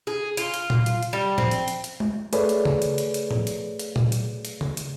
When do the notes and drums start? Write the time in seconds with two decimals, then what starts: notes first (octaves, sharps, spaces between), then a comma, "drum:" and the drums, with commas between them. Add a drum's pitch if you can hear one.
0.07 G#4
0.37 F4, drum: hi-hat
0.54 drum: hi-hat
0.70 drum: tom A#2
0.86 drum: hi-hat
1.03 drum: hi-hat
1.13 G3
1.38 C4, drum: tom A2
1.51 drum: hi-hat
1.68 drum: hi-hat
1.84 drum: hi-hat
2.00 drum: tom G#3
2.33 A3 G#4 B4 C#5 D5, drum: hi-hat
2.49 drum: hi-hat
2.65 drum: tom C#3
2.82 drum: hi-hat
2.98 drum: hi-hat
3.14 drum: hi-hat
3.31 drum: tom A2
3.47 drum: hi-hat
3.79 drum: hi-hat
3.96 drum: tom A#2
4.12 drum: hi-hat
4.45 drum: hi-hat
4.61 drum: tom C#3
4.77 drum: hi-hat